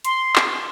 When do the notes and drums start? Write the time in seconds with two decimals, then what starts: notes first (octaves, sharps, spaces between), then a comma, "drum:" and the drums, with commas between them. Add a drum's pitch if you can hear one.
0.05 C6, drum: hi-hat
0.36 drum: clap